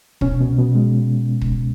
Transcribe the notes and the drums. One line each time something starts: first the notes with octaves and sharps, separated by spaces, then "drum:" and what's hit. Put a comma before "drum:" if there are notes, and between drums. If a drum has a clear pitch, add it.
B2 C#4, drum: kick
B2
B2
G#3
drum: kick